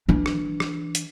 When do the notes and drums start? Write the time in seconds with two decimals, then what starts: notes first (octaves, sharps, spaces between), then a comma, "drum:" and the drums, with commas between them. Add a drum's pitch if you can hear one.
0.09 E3 D4
0.26 drum: rim click
0.60 drum: rim click
0.95 drum: hi-hat